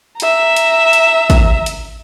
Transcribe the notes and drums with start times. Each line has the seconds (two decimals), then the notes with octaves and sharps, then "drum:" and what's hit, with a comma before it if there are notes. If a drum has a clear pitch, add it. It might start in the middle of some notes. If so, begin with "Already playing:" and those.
0.20 E5 A#5, drum: hi-hat
0.56 drum: hi-hat
0.93 drum: hi-hat
1.30 drum: kick, hi-hat
1.66 drum: hi-hat